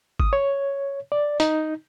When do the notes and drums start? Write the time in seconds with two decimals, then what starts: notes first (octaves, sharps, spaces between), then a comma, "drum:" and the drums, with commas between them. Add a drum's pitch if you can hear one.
0.20 D#6, drum: kick G#1
0.33 C#5
1.12 D5
1.40 D#4, drum: hi-hat